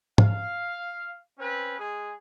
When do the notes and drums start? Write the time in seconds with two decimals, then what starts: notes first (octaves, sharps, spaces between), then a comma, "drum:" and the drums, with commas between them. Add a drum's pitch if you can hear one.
0.18 F5, drum: tom G#2
1.39 C4 C#4 B4
1.78 G#3 G#4